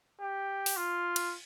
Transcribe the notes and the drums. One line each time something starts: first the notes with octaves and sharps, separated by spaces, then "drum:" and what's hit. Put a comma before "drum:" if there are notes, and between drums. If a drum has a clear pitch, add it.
G4
drum: open hi-hat
F4
drum: cymbal